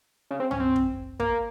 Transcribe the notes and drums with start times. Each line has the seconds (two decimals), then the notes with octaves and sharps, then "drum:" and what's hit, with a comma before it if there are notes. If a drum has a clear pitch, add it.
0.31 C#3
0.40 C4
0.51 C#4, drum: tom
0.60 C4
0.76 drum: kick
1.20 A#3, drum: kick